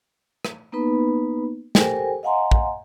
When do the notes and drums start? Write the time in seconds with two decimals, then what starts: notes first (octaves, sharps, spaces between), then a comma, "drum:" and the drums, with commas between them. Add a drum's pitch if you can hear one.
0.45 drum: rim click
0.72 A#3 B3 D#4 B4 B5
1.75 G4 A4 A#4 C5 G5 G#5, drum: snare
2.23 D#5 F5 F#5 G#5 A#5 C6
2.51 drum: kick